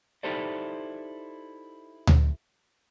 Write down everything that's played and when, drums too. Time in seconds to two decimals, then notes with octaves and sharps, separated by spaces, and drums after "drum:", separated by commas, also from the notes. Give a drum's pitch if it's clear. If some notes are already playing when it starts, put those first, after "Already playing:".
0.23 D#4 E4 G4 A4 C5 D5
2.07 drum: tom D2